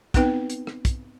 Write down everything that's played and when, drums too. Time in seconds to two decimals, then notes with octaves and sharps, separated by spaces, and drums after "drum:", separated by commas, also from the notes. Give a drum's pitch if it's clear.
0.14 B3 C4 D#4 B4 G5, drum: kick, hi-hat
0.50 drum: hi-hat
0.67 drum: rim click
0.85 drum: kick, hi-hat